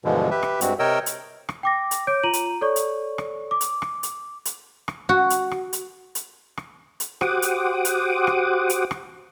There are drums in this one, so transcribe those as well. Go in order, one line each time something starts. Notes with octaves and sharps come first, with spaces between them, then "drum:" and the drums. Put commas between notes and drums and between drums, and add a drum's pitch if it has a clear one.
G2 B2 D3 E3 F3 G#3
G4 B4 E5
drum: rim click
G2 G#3 C4 F#4, drum: hi-hat
C3 A#4 C#5 D#5 G5 E6
drum: hi-hat
drum: rim click
G5 D6 A#6
drum: hi-hat
C#5 D6 G6 D7
F4 A#5 D#7 F#7
drum: hi-hat
A4 C#5 D5 C#6
drum: hi-hat
drum: rim click
D6
drum: hi-hat
drum: rim click
drum: hi-hat
drum: hi-hat
drum: rim click
F#4
drum: hi-hat
drum: rim click
drum: hi-hat
drum: hi-hat
drum: rim click
drum: hi-hat
F#4 G4 C5 F#5 D6 D#6, drum: rim click
drum: hi-hat
drum: hi-hat
drum: rim click
drum: hi-hat
drum: rim click